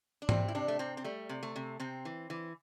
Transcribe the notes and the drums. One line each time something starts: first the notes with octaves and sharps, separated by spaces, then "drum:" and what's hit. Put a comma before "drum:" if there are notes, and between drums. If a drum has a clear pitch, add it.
D4
C3 C4, drum: tom G#2
E4
C3 D4
A3
C3 C4
C4
G3 A3
C3
A3
C3
C3 C4
E3
E3